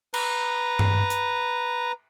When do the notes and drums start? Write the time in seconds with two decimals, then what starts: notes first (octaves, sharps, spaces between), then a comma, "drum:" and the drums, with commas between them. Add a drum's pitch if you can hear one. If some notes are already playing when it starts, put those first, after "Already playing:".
0.14 B4 A#5, drum: cymbal
0.79 drum: tom G2
1.10 drum: hi-hat